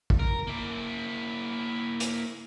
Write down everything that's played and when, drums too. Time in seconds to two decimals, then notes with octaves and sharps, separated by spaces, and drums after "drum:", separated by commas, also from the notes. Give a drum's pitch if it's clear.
0.10 drum: kick
0.19 A#4
0.47 A#3 E4
2.00 drum: hi-hat